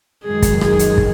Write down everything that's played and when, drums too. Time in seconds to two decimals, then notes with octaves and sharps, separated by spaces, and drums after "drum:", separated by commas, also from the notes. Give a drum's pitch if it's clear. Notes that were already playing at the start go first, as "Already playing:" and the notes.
0.24 F#2 D#3 G#3 G#4
0.42 drum: kick, hi-hat
0.61 G#4, drum: rim click
0.79 drum: hi-hat
0.98 drum: kick